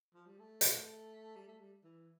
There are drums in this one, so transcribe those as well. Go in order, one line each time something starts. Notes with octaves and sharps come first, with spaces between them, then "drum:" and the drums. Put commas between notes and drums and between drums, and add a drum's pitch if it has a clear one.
F3
G3
A3
drum: hi-hat
G3
A3
G3
E3